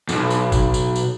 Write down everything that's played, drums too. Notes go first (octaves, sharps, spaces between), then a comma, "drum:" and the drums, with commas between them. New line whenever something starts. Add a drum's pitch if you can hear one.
B1 F2, drum: tambourine
drum: tambourine
drum: kick, tambourine
drum: tambourine
drum: tambourine